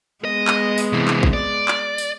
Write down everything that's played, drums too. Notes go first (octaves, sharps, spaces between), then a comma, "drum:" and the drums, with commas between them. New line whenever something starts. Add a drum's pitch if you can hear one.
G#3 B3 D#5
drum: clap
drum: tambourine
C3 E3
drum: clap
drum: kick A1
D5
drum: clap
drum: tambourine